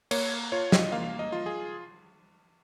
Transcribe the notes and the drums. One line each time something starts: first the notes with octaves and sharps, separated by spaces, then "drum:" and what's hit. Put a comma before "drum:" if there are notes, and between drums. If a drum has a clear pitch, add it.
A#3 C#5, drum: cymbal
F4 C#5
D#5, drum: snare
A#3 F5
D#5
F4
G#4